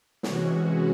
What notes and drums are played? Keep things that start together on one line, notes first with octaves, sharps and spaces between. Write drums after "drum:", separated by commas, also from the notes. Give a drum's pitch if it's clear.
C3 E3 G#3 C#4 F#4, drum: snare